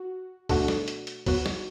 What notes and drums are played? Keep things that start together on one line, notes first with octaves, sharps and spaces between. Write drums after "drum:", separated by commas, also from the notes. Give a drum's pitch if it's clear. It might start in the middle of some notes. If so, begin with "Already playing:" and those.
Already playing: F#4
B2 A3 D4 F#4, drum: kick, open hi-hat
drum: snare
drum: hi-hat
drum: hi-hat
F#3 B3 F#4, drum: kick, open hi-hat
drum: snare